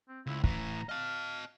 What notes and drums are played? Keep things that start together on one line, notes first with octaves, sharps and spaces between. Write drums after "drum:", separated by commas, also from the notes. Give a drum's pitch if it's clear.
C4
C#2 E4
A2 E3 A#5, drum: kick
D#5 F5 A5